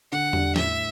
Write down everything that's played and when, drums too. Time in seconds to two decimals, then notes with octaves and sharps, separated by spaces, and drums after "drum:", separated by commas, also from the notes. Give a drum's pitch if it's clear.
0.12 D3 F#5
0.33 G3 D4, drum: tom E2
0.56 A2 E5, drum: snare